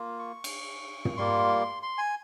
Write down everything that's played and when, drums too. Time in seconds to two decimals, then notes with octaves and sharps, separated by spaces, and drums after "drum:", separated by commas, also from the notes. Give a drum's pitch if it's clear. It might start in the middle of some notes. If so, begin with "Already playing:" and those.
Already playing: A#3 F4
0.19 C#6
0.44 drum: cymbal
1.05 drum: tom
1.17 G3 A#3 F4 C6
1.83 C6
1.98 G#5